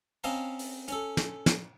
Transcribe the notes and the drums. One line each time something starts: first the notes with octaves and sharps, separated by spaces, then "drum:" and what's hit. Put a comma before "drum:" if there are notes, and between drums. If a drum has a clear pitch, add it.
C4 C#4 D#5 F5 A5 A#5
drum: open hi-hat
C#4 A4, drum: hi-hat
drum: snare
drum: snare